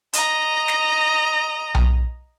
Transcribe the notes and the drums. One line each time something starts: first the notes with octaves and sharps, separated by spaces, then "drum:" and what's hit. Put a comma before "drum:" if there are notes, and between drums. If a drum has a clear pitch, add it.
D#5 A#5, drum: hi-hat
drum: snare
drum: tom B1